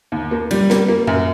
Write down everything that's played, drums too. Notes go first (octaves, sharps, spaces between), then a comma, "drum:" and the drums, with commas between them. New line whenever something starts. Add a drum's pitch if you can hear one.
D#2
A#3
G3, drum: cymbal
A#3, drum: snare
A#3
F#2, drum: tom A2